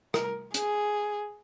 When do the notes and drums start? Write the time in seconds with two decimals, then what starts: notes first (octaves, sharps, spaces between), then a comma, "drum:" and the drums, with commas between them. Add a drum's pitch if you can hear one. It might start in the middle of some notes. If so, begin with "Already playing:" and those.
0.14 A#4, drum: rim click
0.54 G#4, drum: hi-hat